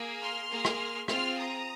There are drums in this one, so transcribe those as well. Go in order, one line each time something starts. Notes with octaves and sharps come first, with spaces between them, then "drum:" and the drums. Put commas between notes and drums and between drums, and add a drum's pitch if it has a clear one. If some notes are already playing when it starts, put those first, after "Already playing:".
Already playing: A#3 G#4
C6 F6
A#3 G#4
drum: rim click
C4 F4 G#4 C6 F6, drum: rim click
A#5 D#6